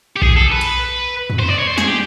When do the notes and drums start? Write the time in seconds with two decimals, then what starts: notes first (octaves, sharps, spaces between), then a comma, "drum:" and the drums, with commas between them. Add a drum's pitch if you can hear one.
0.16 G4
0.22 G#4, drum: kick B1
0.37 A4
0.52 B4
0.61 drum: cymbal
1.30 drum: tom E2
1.39 C5
1.48 D5
1.59 C#5
1.67 C5
1.78 G#4, drum: snare
1.88 G4